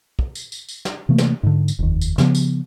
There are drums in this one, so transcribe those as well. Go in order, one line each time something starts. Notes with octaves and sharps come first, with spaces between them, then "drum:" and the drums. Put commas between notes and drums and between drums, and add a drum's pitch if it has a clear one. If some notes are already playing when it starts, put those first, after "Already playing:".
drum: kick
drum: tambourine
drum: tambourine
drum: tambourine
drum: snare
C3 E3 A3 A#3
drum: snare
G#2 D3
drum: tambourine
F1 D#2
drum: tambourine
C#3 F3 B3, drum: snare
drum: tambourine